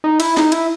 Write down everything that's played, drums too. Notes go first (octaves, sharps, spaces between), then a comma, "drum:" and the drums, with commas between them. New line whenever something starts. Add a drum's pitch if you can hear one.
D#4
E4, drum: cymbal
D#4, drum: snare
E4, drum: cymbal